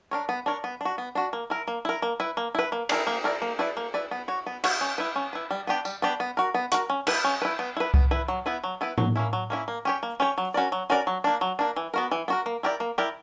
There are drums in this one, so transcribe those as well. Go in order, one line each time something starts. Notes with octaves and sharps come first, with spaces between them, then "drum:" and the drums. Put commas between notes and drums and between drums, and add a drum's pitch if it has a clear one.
D4 A#4 C#5
B3
D4 A#4 C#5
B3
D4 F#4
B3
D4 F#4
A#3
E4 A#4
A#3
E4 A#4
A#3
E4 B4
A#3
E4 B4
A#3
E4 A#4 D5, drum: cymbal
A#3
E4 A#4 D5
A#3
E4 B4 D5
A#3
E4 B4 D5
B3
F#4 C#5
B3
F#4 C#5, drum: cymbal
C#4
E4 B4
C#4
E4 B4
G3
B3 D4 G4
G3, drum: tambourine
B3 D4 G4
B3
F#4 A#4
B3
F#4 A#4, drum: hi-hat
C#4
E4 B4, drum: cymbal
C#4
E4 B4
B3
E4 B4
B3, drum: kick C2
E4 B4
F#3
B3 E4 B4
F#3
B3 E4 B4
F#3, drum: tom
A#3 C#4 E4
F#3
A#3 C#4 E4
A#3
C#4 G4 C#5
A#3
C#4 G4 C#5
F#3
C#4 F#4 A#4 D5
F#3
C#4 F#4 A#4 D5
F#3
A#3 D4
F#3
A#3 D4
E3
B3 F#4 A#4
E3
B3 F#4 A#4
A#3
E4 G4 A#4 D5
A#3
E4 G4 A#4 D5